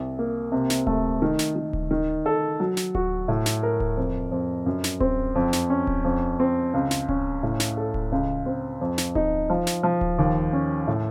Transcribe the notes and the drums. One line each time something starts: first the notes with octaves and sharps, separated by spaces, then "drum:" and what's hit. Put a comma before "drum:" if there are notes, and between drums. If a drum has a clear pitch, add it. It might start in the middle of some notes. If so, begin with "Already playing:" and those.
Already playing: C2
A#3
C3
drum: snare
A3, drum: kick D1
D#3
drum: snare
D#3
drum: kick D1
D#3
A4
F#3
drum: snare
F#4, drum: kick D1
A2
drum: snare
A#4
drum: kick D1
F2
F2
F#2
drum: snare
C4, drum: kick D1
F2
drum: snare
C#4
drum: kick D1
F2
C4
C#2
drum: snare
C#4, drum: kick D1
A2
drum: snare
A4
drum: kick D1
C#2
C4
F2
drum: snare
D#4, drum: kick D1
F3
drum: snare
F3
drum: kick D1
D#2
C#4
A2